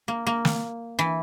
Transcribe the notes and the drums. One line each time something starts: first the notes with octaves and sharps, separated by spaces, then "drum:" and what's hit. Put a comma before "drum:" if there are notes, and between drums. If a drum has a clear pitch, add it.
A#3
A#3
drum: snare
E3